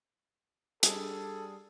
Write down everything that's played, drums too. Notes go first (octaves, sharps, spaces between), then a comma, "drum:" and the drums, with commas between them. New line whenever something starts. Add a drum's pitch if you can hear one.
G3 D4 G#4 A4, drum: hi-hat